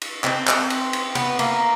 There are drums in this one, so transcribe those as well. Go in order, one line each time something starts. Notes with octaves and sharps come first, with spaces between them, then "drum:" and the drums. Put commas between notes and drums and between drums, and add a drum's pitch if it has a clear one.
drum: cymbal
C4, drum: clap
drum: clap
drum: cymbal
drum: cymbal
B3, drum: cymbal
A#3, drum: cymbal